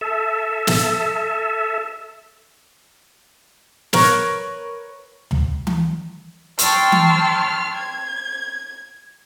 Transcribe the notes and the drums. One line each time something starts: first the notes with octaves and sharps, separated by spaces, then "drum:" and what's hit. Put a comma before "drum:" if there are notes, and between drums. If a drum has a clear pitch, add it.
A4 E5
drum: snare
A#4 B4 C#5, drum: snare
drum: tom
drum: tom E3
G5 A5 C6 C#6 E6 F6, drum: hi-hat
drum: tom E3
G#6